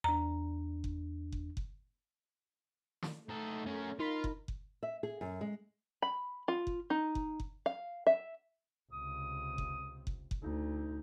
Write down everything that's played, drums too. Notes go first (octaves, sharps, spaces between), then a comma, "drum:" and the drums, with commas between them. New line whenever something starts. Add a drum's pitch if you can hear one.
E2 D4 A#5
drum: kick F#1
drum: kick F#1
drum: kick F#1
drum: snare
A3 D#4 A4
C#4 A#4
D#4 F4 A#4 B5 B6
drum: kick F#1
drum: kick F#1
E5
G#4
F#2
G#3
B5
F4
drum: kick F#1
D#4
drum: kick F#1
drum: kick F#1
F5
E5
C#2 C3 D#6
drum: kick F#1
drum: kick F#1
drum: kick F#1
D2 D#4